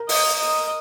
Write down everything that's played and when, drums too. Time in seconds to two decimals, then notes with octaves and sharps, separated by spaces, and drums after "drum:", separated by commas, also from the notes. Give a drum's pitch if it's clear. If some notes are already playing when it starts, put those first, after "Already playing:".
Already playing: A#4
0.09 D#5, drum: open hi-hat
0.39 D#5